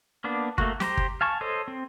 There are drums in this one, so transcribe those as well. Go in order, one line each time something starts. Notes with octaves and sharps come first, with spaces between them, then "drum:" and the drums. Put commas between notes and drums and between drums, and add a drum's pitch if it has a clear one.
A#3 B3 D4
A3 A#3 F#4, drum: kick G1
G4 C5 A#5, drum: snare
drum: kick G1
F5 G#5 A5 C#6
A4 C5 C#5 D#5
C4